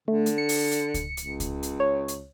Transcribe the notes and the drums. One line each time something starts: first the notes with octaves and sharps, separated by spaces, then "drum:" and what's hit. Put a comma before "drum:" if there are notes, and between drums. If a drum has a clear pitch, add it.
D3 A3
drum: hi-hat
C#7
drum: open hi-hat
drum: hi-hat
drum: kick C#2, hi-hat
C#2, drum: hi-hat
drum: kick C#2, hi-hat
drum: hi-hat
C#5
drum: hi-hat